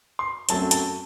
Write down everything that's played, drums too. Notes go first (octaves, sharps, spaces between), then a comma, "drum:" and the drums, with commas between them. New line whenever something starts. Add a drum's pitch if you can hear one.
C6
F#2 F#3 A3 C4 A5, drum: hi-hat
A5, drum: hi-hat